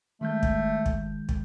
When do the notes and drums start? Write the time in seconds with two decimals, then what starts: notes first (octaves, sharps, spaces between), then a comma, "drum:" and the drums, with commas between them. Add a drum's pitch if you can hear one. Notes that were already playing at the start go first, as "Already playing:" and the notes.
0.21 D#3 G#3 A3 G6
0.43 drum: kick
0.86 drum: kick
1.29 drum: kick